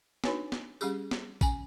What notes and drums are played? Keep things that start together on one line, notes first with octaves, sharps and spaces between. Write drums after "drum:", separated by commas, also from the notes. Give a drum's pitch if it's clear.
D4 D#4 F#4 B4 C#5 G#5, drum: snare
drum: snare
G3 C#4 G4 G#4, drum: tambourine
drum: snare
C#4 G#5, drum: kick A1, tambourine